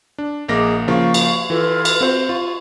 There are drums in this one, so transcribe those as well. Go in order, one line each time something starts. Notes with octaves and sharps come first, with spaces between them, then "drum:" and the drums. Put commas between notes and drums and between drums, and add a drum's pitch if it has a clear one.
D4
A#1 A#3 G#4 D#5 D6 A#6
C#3 F3 A#3 F5 C#6
drum: cymbal
E3 F4 A4 B4
drum: cymbal
C4 F#4 C5
F4 C#6